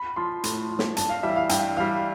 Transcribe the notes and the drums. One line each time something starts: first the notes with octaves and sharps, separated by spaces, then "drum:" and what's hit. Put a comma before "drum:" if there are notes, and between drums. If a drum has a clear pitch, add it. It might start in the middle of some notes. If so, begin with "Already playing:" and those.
Already playing: B5
F3 C6
A2, drum: hi-hat
F3
drum: snare
G2 A5, drum: hi-hat
F5
E3 G3 E5
F5
G2 G5, drum: hi-hat
E3 G3 F5